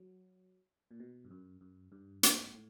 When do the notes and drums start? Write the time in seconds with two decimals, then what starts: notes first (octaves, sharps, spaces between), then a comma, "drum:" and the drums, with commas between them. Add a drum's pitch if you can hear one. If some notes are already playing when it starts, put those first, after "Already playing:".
Already playing: F#3
0.91 A#2
1.00 B2
1.24 G2
1.31 F#2
1.61 F#2
1.92 G2
2.23 G#2, drum: hi-hat
2.54 A2